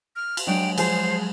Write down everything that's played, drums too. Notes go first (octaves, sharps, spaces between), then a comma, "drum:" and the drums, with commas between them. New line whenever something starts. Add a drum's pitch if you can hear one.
F6
drum: cymbal
F#3 G#3 D4 G5
F3 G#4 C5, drum: cymbal